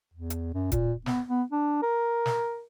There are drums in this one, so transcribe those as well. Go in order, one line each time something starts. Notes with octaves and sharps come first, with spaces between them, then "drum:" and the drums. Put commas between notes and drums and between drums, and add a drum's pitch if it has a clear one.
E2
drum: hi-hat
F#2
A#2, drum: kick, hi-hat
B3, drum: snare
B3
D4
A#4
drum: snare